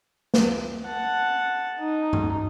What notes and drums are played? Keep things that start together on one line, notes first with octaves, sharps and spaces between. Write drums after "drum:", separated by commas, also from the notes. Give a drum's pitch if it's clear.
drum: snare
F#5 A5
D#4
drum: tom G2